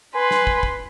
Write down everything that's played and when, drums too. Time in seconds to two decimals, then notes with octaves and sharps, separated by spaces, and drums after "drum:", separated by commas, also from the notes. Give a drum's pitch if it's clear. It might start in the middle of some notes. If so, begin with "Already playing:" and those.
0.15 B4 G#5 C6
0.31 drum: snare
0.47 drum: kick
0.63 drum: kick